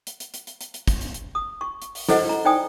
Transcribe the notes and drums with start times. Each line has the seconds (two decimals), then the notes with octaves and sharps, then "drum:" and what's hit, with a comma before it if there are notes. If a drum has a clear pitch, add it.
0.07 drum: hi-hat
0.20 drum: hi-hat
0.34 drum: hi-hat
0.47 drum: hi-hat
0.61 drum: hi-hat
0.74 drum: hi-hat
0.87 drum: kick, hi-hat
1.01 drum: hi-hat
1.14 drum: hi-hat
1.35 D#6
1.61 C#6
1.82 drum: hi-hat
1.95 drum: open hi-hat
2.09 E4 A4 B4 C5 D#5 F#5, drum: snare
2.29 A#5
2.45 D#4 C5 D5 G5 G#5 D#6